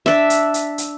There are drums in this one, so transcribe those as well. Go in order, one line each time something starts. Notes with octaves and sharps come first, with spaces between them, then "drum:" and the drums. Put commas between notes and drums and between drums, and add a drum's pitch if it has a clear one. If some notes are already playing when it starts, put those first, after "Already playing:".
D4 E5, drum: snare
drum: hi-hat
drum: hi-hat
drum: hi-hat